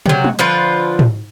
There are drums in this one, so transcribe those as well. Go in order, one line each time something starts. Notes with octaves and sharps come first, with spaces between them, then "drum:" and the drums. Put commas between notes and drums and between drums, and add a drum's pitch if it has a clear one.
C3 F#3, drum: tom
drum: tom G3
D3 F3 F4 B4
drum: tom